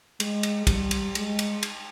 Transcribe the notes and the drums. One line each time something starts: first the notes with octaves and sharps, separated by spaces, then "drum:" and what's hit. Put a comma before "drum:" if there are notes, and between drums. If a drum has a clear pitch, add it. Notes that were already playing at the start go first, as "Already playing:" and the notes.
G#3, drum: cymbal
drum: cymbal
G3, drum: kick, cymbal
drum: cymbal
G#3, drum: cymbal
drum: cymbal
drum: cymbal